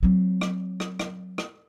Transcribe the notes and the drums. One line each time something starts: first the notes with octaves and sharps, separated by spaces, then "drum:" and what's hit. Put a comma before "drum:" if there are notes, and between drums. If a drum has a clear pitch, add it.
F#3 C4
drum: rim click
drum: rim click
drum: rim click
drum: rim click